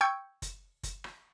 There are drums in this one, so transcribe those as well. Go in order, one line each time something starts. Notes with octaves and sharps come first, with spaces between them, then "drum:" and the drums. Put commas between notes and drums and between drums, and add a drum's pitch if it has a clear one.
G5 C#6 E6 G6 G#6 C#7
drum: kick F#1, hi-hat
drum: kick F#1, hi-hat
drum: rim click